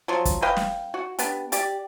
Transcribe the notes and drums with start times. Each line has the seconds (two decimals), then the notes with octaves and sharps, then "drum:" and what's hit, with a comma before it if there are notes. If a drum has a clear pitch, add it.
0.08 F3 F#3
0.25 drum: kick, hi-hat
0.42 B4 D#5 F5 G5
0.56 drum: snare
0.94 F#4
1.19 B3 D4 G4, drum: hi-hat
1.52 G4 D5, drum: hi-hat